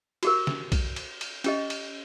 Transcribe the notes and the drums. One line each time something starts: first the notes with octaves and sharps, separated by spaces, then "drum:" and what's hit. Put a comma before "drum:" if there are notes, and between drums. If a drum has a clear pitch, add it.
F#4 G4 A#4, drum: cymbal
drum: snare
drum: kick B1, cymbal
drum: cymbal
drum: cymbal
C#4 G4 D#5, drum: cymbal
drum: cymbal